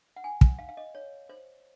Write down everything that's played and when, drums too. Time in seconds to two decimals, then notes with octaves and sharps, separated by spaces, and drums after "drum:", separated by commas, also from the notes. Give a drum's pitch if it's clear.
0.16 F#5
0.24 G#5
0.41 drum: kick
0.59 F5
0.69 F5
0.77 D#5
0.95 C#5
1.29 C5